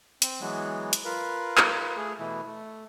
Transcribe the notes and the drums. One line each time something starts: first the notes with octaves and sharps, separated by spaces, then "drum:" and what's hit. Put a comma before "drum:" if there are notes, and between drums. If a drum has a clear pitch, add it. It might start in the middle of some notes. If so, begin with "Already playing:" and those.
C4, drum: hi-hat
E3 F#3 G#3 B3
drum: hi-hat
F4 A#4 B4
drum: clap
A3 G#4
B2 E3 A3 E4
A3